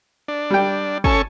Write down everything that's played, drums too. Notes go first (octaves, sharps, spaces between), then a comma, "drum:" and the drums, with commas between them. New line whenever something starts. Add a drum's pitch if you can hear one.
D4
G3 G5
C#4 A4 G#5 A5 C#6, drum: kick